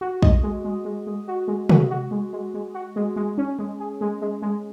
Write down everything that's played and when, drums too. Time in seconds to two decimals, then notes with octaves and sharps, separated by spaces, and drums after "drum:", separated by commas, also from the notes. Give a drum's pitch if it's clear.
0.01 F#4
0.22 D#5, drum: kick
0.43 G#3
0.65 G#3
0.85 G#3
1.07 G#3
1.28 F#4
1.48 G#3
1.69 F#4, drum: tom
1.91 F#4
2.11 G#3
2.33 G#3
2.54 G#3
2.75 F#4
2.96 G#3
3.16 G#3
3.38 C#4
3.59 G#3
3.80 G#4
4.01 G#3
4.22 G#3
4.42 G#3